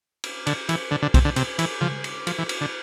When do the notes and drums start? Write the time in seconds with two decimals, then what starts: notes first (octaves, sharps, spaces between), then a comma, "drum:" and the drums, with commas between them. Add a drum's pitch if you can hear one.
0.24 drum: cymbal
0.46 D3, drum: cymbal
0.69 E3, drum: cymbal
0.91 D3
1.02 D3
1.14 C3, drum: kick B1, cymbal
1.25 D3
1.36 C3, drum: cymbal
1.59 E3, drum: cymbal
1.81 F3, drum: tom C#3
2.04 drum: cymbal
2.27 F3, drum: cymbal
2.38 E3
2.49 drum: cymbal
2.61 D3